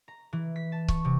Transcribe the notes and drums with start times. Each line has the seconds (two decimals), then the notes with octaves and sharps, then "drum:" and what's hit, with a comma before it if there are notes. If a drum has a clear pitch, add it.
0.08 A#5
0.33 E3
0.56 B6
0.72 A5
0.88 C#6, drum: kick C#1
1.05 C3